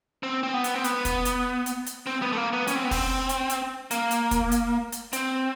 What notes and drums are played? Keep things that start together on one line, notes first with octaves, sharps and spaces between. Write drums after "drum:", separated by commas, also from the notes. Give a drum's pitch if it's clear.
C4
C4
B3
drum: hi-hat
C4
B3, drum: hi-hat
drum: kick, hi-hat
drum: hi-hat
drum: hi-hat
drum: hi-hat
C4
B3
A3
A#3
B3
C#4, drum: hi-hat
C4
B3
C4, drum: kick, open hi-hat
drum: hi-hat
drum: hi-hat
A#3, drum: hi-hat
drum: hi-hat
drum: kick, hi-hat
drum: hi-hat
drum: hi-hat
C4, drum: hi-hat